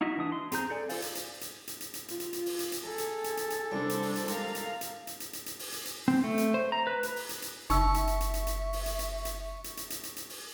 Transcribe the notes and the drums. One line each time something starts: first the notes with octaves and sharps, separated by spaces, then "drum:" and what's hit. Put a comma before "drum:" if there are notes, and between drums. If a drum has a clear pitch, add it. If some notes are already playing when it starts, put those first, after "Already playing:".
D#4 E4 F#4 D#5 E5
E3 D4 D#6
C6
C4 G#4 A#5 G6, drum: hi-hat
A4 D5 G#5
F4 A4 C5 D5 F5, drum: open hi-hat
drum: hi-hat
drum: hi-hat
drum: hi-hat
drum: hi-hat
drum: hi-hat
drum: hi-hat
F4, drum: hi-hat
drum: hi-hat
drum: hi-hat
drum: open hi-hat
drum: hi-hat
drum: hi-hat
G#4 A4 A#5
drum: hi-hat
drum: hi-hat
drum: hi-hat
drum: hi-hat
C2 G3 D4 C5
drum: hi-hat
drum: open hi-hat
drum: hi-hat
G#3 G4 A#4 F5, drum: hi-hat
drum: hi-hat
drum: hi-hat
drum: hi-hat
drum: hi-hat
drum: hi-hat
drum: hi-hat
drum: open hi-hat
drum: hi-hat
drum: hi-hat
C4
A3
drum: hi-hat
C5
A#5
B4
drum: hi-hat
drum: open hi-hat
drum: hi-hat
drum: hi-hat
F#1 D#4 E5 C#6 E6, drum: hi-hat
drum: hi-hat
drum: hi-hat
drum: hi-hat
drum: hi-hat
drum: hi-hat
drum: open hi-hat
drum: hi-hat
drum: hi-hat
drum: hi-hat
drum: hi-hat
drum: hi-hat
drum: hi-hat
drum: hi-hat
drum: hi-hat
drum: open hi-hat